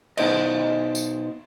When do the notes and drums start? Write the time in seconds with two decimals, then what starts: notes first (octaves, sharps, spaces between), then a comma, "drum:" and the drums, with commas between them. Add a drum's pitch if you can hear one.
0.17 B2 D#4 C5 D#5, drum: cymbal
0.95 drum: tambourine